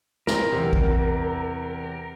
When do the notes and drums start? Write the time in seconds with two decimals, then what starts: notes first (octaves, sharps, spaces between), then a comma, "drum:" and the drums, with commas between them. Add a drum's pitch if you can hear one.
0.27 C4 A#4, drum: snare
0.52 E2 C3
0.73 drum: kick A#1